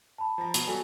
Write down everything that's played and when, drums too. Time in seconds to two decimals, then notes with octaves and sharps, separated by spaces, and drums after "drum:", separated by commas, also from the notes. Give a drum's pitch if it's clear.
0.18 A5 B5
0.38 F3 A#5
0.54 B2, drum: hi-hat
0.67 F#3 G3 F#4 A4 G#5